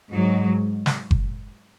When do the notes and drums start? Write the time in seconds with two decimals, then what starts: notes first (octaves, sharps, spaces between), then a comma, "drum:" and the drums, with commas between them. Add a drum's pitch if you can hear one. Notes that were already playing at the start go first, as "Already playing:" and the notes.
0.12 G#2 F#3
0.86 drum: snare
1.11 drum: kick F#1